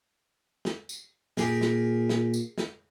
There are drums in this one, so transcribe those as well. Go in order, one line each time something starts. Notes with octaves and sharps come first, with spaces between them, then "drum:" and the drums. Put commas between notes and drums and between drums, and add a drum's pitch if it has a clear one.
drum: snare
drum: tambourine
A#2 G4 G#4 A#4, drum: snare
drum: snare
drum: snare
drum: tambourine
drum: snare